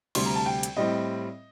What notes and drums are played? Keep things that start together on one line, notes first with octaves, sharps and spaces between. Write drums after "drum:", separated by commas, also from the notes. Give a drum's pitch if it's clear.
D2 C3 G3 C6, drum: cymbal
A#5
A5
G5
drum: hi-hat
A2 G3 C4 D#5